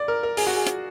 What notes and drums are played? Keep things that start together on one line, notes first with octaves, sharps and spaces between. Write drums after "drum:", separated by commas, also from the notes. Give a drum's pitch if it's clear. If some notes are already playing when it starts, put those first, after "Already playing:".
Already playing: D5
A#4
A#4
G#4, drum: open hi-hat
F#4
G#4
drum: hi-hat